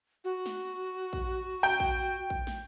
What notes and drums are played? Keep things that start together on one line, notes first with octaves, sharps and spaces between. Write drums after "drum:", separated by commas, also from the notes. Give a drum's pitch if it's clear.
F#4
drum: snare
drum: kick A#1
G5
drum: kick A#1
drum: kick A#1
drum: snare